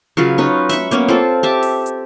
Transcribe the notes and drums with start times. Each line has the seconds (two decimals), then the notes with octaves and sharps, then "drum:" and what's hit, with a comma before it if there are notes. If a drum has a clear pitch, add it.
0.17 C#3 F#3 F4 B4
0.38 C#4 D#4 B4
0.69 E5 B5 C#6, drum: snare
0.91 A#3 B3 C#4, drum: hi-hat
1.08 C4 F4 A4
1.43 G4 E5 A5
1.63 drum: open hi-hat
1.86 drum: hi-hat